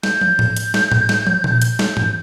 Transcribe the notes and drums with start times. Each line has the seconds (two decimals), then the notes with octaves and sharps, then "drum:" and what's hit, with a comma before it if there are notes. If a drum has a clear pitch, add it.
0.03 G6, drum: snare
0.21 drum: tom
0.39 drum: tom A2
0.56 drum: hi-hat
0.74 drum: snare
0.92 drum: tom A2
1.09 drum: snare
1.27 drum: tom
1.44 drum: tom A#2
1.62 G6, drum: hi-hat
1.79 drum: snare
1.97 drum: tom G#2